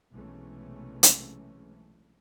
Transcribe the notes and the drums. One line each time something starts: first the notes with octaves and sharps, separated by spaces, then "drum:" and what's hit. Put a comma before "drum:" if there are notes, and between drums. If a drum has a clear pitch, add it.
B1 C3 E3 G#3 A3 C#4
drum: hi-hat